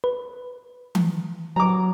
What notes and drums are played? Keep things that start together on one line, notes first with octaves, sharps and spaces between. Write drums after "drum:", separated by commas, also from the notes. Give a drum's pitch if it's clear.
B4
drum: tom E3
F#3 A#5 D6